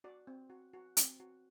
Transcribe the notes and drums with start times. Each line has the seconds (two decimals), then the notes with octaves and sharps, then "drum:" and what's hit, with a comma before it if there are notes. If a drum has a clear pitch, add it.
0.04 F#4 D5
0.27 C4
0.50 F#4
0.73 F#4
0.97 C4, drum: hi-hat
1.20 F#4